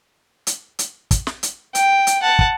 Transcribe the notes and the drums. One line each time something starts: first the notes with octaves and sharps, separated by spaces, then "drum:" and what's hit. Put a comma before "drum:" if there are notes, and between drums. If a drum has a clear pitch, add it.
drum: hi-hat
drum: hi-hat
drum: kick, hi-hat
drum: snare
drum: hi-hat
G5, drum: hi-hat
drum: hi-hat
F#5 A5
drum: kick